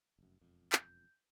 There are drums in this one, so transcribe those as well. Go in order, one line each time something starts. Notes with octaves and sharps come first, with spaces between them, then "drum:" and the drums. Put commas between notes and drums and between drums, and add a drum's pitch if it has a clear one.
F1 F#2
E1 F2
G6, drum: clap